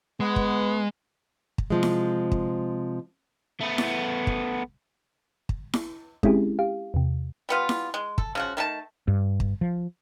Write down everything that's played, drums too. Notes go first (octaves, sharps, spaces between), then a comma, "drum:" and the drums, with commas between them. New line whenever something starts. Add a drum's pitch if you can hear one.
G#3 B3
drum: kick
drum: kick
C3 F3 G#3
drum: snare E4
drum: kick
A3 B3
drum: snare E4
drum: kick
drum: kick
drum: snare E4
G#3 C4 C#4 E4 G4 G#4, drum: kick
G4 F5
E2 C3
G3 B3 F4
drum: snare E4
G#3
A4, drum: kick
C#3 F3 F#4
D#3 A3 D4 A5
G2
drum: kick
F3